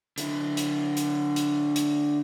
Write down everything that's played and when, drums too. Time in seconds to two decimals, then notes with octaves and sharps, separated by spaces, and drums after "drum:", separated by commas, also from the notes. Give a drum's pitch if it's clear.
0.18 D3 E4, drum: hi-hat
0.57 drum: hi-hat
0.97 drum: hi-hat
1.36 drum: hi-hat
1.76 drum: hi-hat